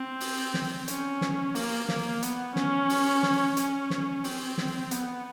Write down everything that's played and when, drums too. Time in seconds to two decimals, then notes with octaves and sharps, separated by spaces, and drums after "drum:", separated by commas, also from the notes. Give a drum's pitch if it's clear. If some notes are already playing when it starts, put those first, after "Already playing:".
Already playing: C4
0.20 drum: open hi-hat
0.54 drum: snare
0.88 C#4, drum: hi-hat
1.21 drum: snare
1.55 A#3, drum: open hi-hat
1.89 A#3, drum: snare
2.23 B3, drum: hi-hat
2.56 C#4, drum: snare
2.89 drum: open hi-hat
3.23 drum: snare
3.57 C#4, drum: hi-hat
3.90 drum: snare
4.24 C4, drum: open hi-hat
4.58 drum: snare
4.91 B3, drum: hi-hat